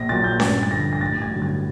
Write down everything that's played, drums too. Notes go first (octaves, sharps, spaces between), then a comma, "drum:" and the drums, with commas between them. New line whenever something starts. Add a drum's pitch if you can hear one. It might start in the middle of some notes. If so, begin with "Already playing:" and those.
Already playing: A#1 A#6
A#2 F#3 A6
G6
G2 G#6, drum: snare C#4
A6
D3 F3 A#6
A#6
A1 A6
G#6
G2 D3 F#3
A6